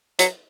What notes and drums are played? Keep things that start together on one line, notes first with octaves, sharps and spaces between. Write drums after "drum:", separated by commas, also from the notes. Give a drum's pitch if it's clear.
F#3, drum: hi-hat